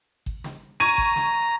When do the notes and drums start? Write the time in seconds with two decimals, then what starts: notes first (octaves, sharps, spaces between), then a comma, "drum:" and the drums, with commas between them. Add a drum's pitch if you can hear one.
0.26 drum: kick G1
0.44 drum: snare
0.80 A#5 C#6 G#6 D#7
0.98 drum: kick G1
1.16 drum: snare